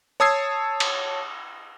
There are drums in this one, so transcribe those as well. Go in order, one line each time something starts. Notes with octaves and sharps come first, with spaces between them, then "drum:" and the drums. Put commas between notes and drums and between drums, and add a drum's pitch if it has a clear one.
C#5 A5 D#6 E6 G#6 C7
drum: cymbal